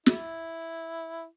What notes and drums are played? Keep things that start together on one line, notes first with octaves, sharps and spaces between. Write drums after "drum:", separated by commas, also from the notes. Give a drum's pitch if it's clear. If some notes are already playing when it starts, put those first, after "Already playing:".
E4, drum: snare